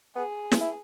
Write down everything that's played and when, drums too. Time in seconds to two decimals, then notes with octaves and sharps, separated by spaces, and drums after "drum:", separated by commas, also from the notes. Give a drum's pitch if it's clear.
0.16 B3 G#4
0.52 drum: snare
0.61 E4